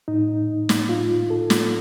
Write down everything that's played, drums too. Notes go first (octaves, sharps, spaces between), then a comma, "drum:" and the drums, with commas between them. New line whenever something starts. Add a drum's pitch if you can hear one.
A2 D#4
drum: snare
A2 F4
A4
drum: snare